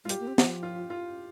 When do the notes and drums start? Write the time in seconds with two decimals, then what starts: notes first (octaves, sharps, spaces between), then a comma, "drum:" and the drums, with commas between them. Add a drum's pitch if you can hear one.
0.05 G#3 F4
0.09 G3 G4, drum: hi-hat
0.20 A#3
0.28 C4
0.38 D#3, drum: snare
0.45 F3
0.63 F4
0.90 F4